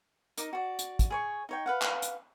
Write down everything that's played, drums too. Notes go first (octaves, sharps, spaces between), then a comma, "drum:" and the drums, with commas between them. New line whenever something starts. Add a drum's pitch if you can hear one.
D#4 A#4 D6, drum: hi-hat
F#4 D5
drum: hi-hat
drum: kick, hi-hat
G#4 C#5 C#6
D#4 C#5 G5
B4 F5 F#5
drum: clap
drum: hi-hat